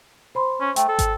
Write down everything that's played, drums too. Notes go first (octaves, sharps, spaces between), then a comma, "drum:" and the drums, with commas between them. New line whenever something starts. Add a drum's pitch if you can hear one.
C5 B5 C6
C#4
A3 G5, drum: hi-hat
A4
drum: kick, hi-hat